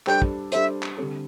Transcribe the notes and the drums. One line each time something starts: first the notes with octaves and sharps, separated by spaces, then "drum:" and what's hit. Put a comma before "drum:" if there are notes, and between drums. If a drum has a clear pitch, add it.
G3 D4 A4 C5 G5, drum: clap
drum: kick
G3 D4 A4 C5 E5, drum: hi-hat
drum: clap
D3 G3 C4 A4